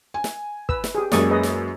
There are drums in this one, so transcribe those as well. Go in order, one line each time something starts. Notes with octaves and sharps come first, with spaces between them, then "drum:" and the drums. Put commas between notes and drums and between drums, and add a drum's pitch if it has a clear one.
G#5
drum: snare
B4 E6, drum: kick
drum: snare
G4 G#4
F#2 G#3 A#3 D5 C#6 D#6, drum: snare
G#4 B4 D#5
drum: snare